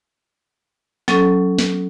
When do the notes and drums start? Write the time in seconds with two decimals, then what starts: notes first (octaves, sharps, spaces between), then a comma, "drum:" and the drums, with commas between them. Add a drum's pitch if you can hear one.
1.08 F#3 C#4 A4, drum: snare
1.59 drum: snare